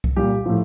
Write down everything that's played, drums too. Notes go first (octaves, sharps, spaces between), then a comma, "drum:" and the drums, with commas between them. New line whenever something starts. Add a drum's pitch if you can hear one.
drum: kick C2
A#2 G3 G4
A2 F3